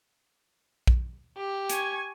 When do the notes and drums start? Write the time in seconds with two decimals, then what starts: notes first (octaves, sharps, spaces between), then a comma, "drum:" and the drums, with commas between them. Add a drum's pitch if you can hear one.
0.87 drum: kick A#1
1.37 G4
1.69 G#5 C#6 G#6, drum: hi-hat